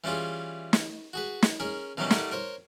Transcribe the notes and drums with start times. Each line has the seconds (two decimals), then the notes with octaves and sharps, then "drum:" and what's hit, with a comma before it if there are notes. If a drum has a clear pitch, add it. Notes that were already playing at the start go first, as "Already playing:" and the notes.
0.04 E3 G3 C#4 F4 G#4
0.73 drum: snare
1.13 F#4 G#4 B4
1.42 drum: snare
1.60 C#4 G#4 A#4
1.97 B2 D#3 E3 F#3 G3 C#4
2.10 G3 A3 A#4 F#5, drum: snare
2.32 A#4 C5 C#5